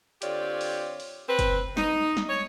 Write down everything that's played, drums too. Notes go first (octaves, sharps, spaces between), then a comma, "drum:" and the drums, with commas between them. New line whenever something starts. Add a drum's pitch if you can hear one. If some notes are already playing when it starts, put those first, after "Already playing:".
D3 C4 F4 G4 C#5 D5, drum: hi-hat
drum: open hi-hat
drum: open hi-hat
C4 B4
drum: kick, hi-hat
D#4, drum: snare
drum: snare
C#5